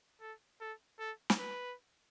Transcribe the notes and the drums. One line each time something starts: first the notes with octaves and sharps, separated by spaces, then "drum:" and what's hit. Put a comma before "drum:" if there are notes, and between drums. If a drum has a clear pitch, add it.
A4
A4
A4
drum: snare
B4